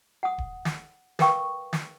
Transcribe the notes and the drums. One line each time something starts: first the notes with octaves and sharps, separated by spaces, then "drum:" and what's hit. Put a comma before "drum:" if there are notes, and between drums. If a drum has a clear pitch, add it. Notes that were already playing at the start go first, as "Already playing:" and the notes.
F#5 D#6
drum: kick D#1
drum: snare
A#4 B4 F5 G5 C#6 D#6, drum: snare
drum: snare